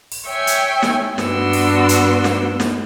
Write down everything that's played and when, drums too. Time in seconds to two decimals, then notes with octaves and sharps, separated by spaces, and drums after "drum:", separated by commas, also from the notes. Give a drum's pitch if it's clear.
0.12 drum: open hi-hat
0.25 C#5 E5 G5 G#5
0.47 drum: hi-hat
0.82 drum: snare
1.18 G2 B3 D4 F#4 C6 E6, drum: snare
1.53 drum: open hi-hat
1.89 drum: hi-hat
2.24 drum: snare
2.60 drum: snare